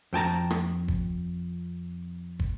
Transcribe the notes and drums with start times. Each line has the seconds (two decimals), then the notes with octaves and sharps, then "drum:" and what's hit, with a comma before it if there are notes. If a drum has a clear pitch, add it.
0.13 F2 G5 A5 A#5
0.50 drum: rim click
0.88 drum: kick
2.39 drum: kick